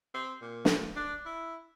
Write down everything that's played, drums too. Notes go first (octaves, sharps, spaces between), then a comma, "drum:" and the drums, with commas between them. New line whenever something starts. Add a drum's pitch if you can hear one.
C4
A#2
drum: snare
D4
E4